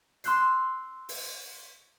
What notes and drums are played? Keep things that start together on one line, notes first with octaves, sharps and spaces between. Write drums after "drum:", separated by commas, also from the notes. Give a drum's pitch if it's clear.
C6 E6 F#6 G6 C7, drum: hi-hat
drum: open hi-hat